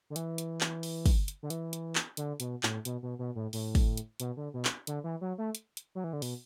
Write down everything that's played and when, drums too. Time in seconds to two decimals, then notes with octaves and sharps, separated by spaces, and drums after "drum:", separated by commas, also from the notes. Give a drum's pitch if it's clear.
0.10 D3
0.16 E3, drum: hi-hat
0.38 drum: hi-hat
0.61 drum: clap
0.83 drum: open hi-hat
1.06 drum: kick, open hi-hat
1.28 drum: hi-hat
1.43 D3
1.50 E3, drum: hi-hat
1.73 drum: hi-hat
1.95 drum: clap
2.17 D3, drum: hi-hat
2.40 B2, drum: hi-hat
2.63 A2, drum: clap
2.85 B2, drum: hi-hat
3.03 B2
3.19 B2
3.35 A2
3.53 A2, drum: open hi-hat
3.75 drum: kick, open hi-hat
3.97 drum: hi-hat
4.20 B2, drum: hi-hat
4.37 D3
4.54 B2
4.65 drum: clap
4.87 D3, drum: hi-hat
5.04 E3
5.21 F#3
5.38 A3
5.55 drum: hi-hat
5.77 drum: hi-hat
5.95 F#3
6.04 E3
6.13 D3
6.22 B2, drum: open hi-hat